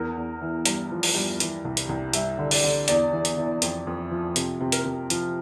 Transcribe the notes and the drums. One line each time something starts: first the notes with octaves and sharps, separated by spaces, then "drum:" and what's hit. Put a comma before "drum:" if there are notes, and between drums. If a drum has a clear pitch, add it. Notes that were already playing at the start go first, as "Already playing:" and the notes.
Already playing: E2 A#4
E2
E3
G2, drum: hi-hat
F3
drum: open hi-hat
G2
E3, drum: hi-hat
C2
drum: hi-hat
C2
G2 E5, drum: hi-hat
D3
D5, drum: open hi-hat
D3
E2 D5, drum: hi-hat
E3
drum: hi-hat
E3
F2, drum: hi-hat
F2
F3
C3, drum: hi-hat
C3
A#4, drum: hi-hat
C3
F3, drum: hi-hat